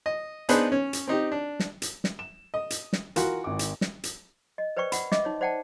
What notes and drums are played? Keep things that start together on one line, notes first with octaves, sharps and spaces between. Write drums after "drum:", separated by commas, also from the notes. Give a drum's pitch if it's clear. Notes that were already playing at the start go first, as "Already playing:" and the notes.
D#5
B3 D4 D#4 G#4 B4 C5, drum: hi-hat
C#4
drum: hi-hat
C4 D#4 G4
D4
drum: snare
drum: hi-hat
drum: snare
E7
D#5
drum: hi-hat
drum: snare
E3 F4 F#4 A#4 C6, drum: hi-hat
G#1 D6
drum: hi-hat
drum: snare
drum: hi-hat
D#5
B4 C5 D5 G5 C#6
F#5 B5, drum: hi-hat
D#5 E5 D6, drum: snare
D#4 C#5
C5 D5 F#5 G5 A5